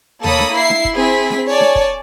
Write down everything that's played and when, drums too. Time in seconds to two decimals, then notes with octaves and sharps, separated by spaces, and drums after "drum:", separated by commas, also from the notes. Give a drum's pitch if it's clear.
0.24 A#3 A4 C#5 B5 D#6, drum: tom D#2
0.39 drum: snare D4
0.55 E4 E5 C7
0.70 drum: snare D4
0.85 drum: kick
0.96 C4 E4 G#4 B6
1.30 drum: snare D4
1.49 C#5 D5 G#5 A5
1.60 drum: snare D4
1.75 drum: kick